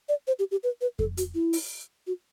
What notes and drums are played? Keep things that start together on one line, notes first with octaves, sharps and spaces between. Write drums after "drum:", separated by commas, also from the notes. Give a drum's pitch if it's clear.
D5
C5
G4
G4
B4
B4
A4, drum: kick F2
F#4, drum: hi-hat
E4
drum: open hi-hat
F#4